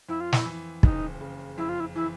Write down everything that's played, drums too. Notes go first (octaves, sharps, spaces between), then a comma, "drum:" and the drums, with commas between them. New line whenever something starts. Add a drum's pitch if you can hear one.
F2 E4
F4
E4, drum: snare
E3
F#1 D#4, drum: kick
C#3
F2 E4
F4
E4
E3 E4